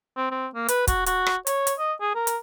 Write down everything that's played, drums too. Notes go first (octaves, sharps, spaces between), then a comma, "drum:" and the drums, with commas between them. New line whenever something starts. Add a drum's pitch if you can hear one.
C4
C4
A#3
B4, drum: hi-hat
F#4, drum: kick, hi-hat
F#4, drum: hi-hat
drum: rim click
C#5, drum: hi-hat
drum: hi-hat
D#5
G#4
A#4
drum: hi-hat